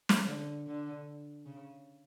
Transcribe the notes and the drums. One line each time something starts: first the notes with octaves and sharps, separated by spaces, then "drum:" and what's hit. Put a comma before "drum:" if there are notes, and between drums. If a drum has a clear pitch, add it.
drum: snare
D3
D3
C#3